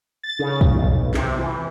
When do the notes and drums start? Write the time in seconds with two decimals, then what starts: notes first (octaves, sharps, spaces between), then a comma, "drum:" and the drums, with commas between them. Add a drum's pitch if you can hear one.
0.23 A6
0.39 C#3
0.61 drum: kick
0.73 B1
1.14 C3, drum: clap
1.39 E3